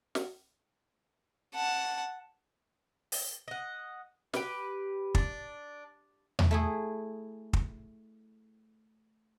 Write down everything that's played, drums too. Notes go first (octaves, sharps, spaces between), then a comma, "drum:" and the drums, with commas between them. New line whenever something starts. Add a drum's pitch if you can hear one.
drum: snare
F#5 A5
drum: open hi-hat
D#5 F#5
G4 B4, drum: snare
D4, drum: kick
drum: tom E2
A3 E4 G#4
drum: kick